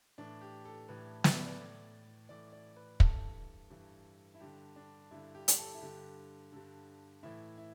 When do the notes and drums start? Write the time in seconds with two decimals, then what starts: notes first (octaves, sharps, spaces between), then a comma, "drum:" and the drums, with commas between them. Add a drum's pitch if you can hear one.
0.18 A2 E3 D4
0.41 G4
0.65 A4
0.89 A2 E3 B4
1.24 E5, drum: snare
1.31 D5
1.39 B4
1.46 D5
1.59 A2 E3
2.29 A2 E3 D5
2.53 D5
2.76 B4
3.00 G2 E3 A4, drum: kick
3.70 G2 E3
4.35 E4
4.40 G2 D3 G4
4.76 D4
5.11 G2 D3 E4
5.35 G4
5.48 drum: hi-hat
5.58 A4
5.74 E4
5.81 G2 D3 G4
6.52 G2 D3
7.23 A2 E3 E4
7.57 E4